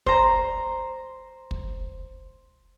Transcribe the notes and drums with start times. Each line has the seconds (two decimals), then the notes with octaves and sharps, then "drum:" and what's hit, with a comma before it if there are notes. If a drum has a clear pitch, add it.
0.06 C5 A#5, drum: kick
1.51 drum: kick